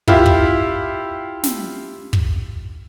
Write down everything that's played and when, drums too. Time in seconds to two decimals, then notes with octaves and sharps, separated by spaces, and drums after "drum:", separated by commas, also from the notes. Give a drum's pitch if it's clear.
0.08 E4 F4 G4, drum: kick
0.26 drum: kick
1.43 drum: snare
2.13 drum: kick